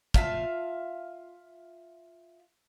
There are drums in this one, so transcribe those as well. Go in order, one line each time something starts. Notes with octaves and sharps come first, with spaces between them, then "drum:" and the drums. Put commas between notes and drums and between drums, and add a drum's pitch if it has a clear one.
F4 E5 F5 A5, drum: kick